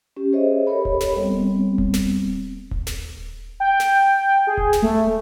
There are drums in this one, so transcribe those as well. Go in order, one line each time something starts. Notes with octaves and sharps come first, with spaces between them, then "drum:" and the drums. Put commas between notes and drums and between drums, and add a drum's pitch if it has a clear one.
C#4 G4
G#4 C5 C#5 D#5 E5
G4 A4 A#4 C#5 B5
drum: kick D#1
drum: snare
G3 B3 C4
drum: kick D#1
drum: snare
drum: kick D#1
drum: snare
G5
drum: snare
G#4
drum: kick D#1
drum: snare
A3